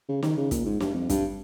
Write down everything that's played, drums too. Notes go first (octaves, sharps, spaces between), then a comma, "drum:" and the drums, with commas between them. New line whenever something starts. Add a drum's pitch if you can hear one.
C#3
D#3, drum: snare
C#3
A#2, drum: kick, hi-hat
G#2
G2, drum: snare
F2
G2, drum: kick, hi-hat